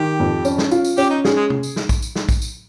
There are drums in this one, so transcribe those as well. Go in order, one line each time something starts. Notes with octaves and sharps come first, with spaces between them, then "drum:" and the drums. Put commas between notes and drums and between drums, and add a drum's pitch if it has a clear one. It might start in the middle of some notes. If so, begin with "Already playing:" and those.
Already playing: D#3 G4
F2
C#4, drum: tambourine
drum: snare
F4, drum: tambourine
drum: tambourine
C#4 G4, drum: tambourine
D#4
G#4, drum: snare
G#3
drum: tom
drum: tambourine
drum: snare
drum: kick, tambourine
drum: tambourine
drum: snare
drum: kick, tambourine
drum: tambourine